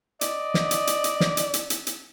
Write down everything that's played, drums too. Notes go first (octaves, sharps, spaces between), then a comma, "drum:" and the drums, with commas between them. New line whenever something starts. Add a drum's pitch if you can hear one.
D5 D#5, drum: hi-hat
drum: snare
drum: hi-hat
drum: hi-hat
drum: hi-hat
drum: snare
drum: hi-hat
drum: hi-hat
drum: hi-hat
drum: hi-hat